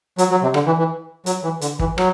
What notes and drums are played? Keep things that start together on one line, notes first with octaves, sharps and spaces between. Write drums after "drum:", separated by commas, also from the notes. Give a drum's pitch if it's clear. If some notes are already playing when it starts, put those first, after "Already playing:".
F#3, drum: hi-hat
F#3
C3
D3, drum: rim click
E3
E3
F#3, drum: hi-hat
E3
D3, drum: hi-hat
E3, drum: kick
F#3, drum: rim click